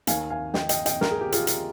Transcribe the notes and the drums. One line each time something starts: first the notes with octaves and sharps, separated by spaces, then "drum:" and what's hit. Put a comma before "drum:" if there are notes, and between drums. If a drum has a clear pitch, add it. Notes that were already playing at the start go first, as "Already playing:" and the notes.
D#2 D#3 F5 G#5, drum: hi-hat
F5 G#5
D#5 G5, drum: snare
D#5 G5, drum: hi-hat
D#5 G5, drum: hi-hat
A#4, drum: snare
G#4
G4
F4 G#4, drum: hi-hat
drum: hi-hat